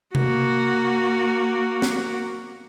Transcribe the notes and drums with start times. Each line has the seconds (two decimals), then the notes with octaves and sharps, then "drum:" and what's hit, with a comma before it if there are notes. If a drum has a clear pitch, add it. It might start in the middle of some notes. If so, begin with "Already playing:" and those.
0.15 A#3 F#4, drum: tom C3
1.82 drum: snare